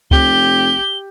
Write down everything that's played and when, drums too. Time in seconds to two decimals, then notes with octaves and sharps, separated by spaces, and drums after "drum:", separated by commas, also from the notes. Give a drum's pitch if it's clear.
0.11 F1 G4 G7, drum: kick C#2